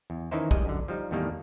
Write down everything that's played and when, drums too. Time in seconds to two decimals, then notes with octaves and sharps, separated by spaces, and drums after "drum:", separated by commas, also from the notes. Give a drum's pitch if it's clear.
0.10 E2
0.31 D#3 E3 C#4 D#4 E4 C5
0.51 G3 G#3 D#5, drum: kick
0.65 F#2 D3
0.88 F3 G3 D#4
1.11 E2 A2 D#3 G3 A#3